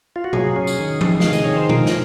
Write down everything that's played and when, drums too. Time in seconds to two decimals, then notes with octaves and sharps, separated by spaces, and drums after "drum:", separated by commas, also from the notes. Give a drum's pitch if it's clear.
0.16 F4
0.24 F#4
0.33 F#3 G#4, drum: tom C3
0.56 C#4
0.67 drum: tambourine
0.79 D#3
1.01 C3, drum: tom F3
1.20 D#3 F5, drum: snare
1.33 D#5, drum: tambourine
1.44 D#3 C#5
1.57 C5
1.69 F3 A#4, drum: tom B2
1.86 drum: snare